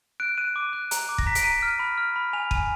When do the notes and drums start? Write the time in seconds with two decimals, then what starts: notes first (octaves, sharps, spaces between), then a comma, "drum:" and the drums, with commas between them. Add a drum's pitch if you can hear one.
0.20 F#6 D7
0.37 F#6 D#7
0.56 D6
0.73 F#6
0.91 A#5, drum: hi-hat
1.09 D6
1.18 A#6, drum: kick
1.26 A#5 B6
1.35 D7, drum: hi-hat
1.44 A#5 D#7
1.62 F6
1.79 B5
1.98 F6
2.16 B5
2.33 G#5 F7
2.51 G#5 D#7, drum: kick